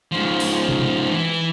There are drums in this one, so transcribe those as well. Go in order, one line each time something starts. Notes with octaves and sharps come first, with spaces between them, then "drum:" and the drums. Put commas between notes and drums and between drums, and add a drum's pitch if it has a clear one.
G#2 F3
drum: open hi-hat
drum: tom B2
E3